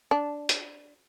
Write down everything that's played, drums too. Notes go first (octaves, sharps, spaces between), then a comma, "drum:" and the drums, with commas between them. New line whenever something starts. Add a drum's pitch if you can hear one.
D4
drum: hi-hat